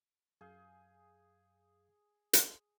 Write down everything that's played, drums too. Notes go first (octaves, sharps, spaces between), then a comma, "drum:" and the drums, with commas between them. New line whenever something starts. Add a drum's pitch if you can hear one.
F#2 G#4 F5 G6
drum: hi-hat